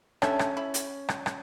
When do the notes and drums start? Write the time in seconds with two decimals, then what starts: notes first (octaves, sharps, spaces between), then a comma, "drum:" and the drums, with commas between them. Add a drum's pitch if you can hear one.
0.22 G3 C#4 D4 A4 E5, drum: rim click
0.39 drum: rim click
0.57 E4
0.74 drum: hi-hat
1.09 drum: rim click
1.26 drum: rim click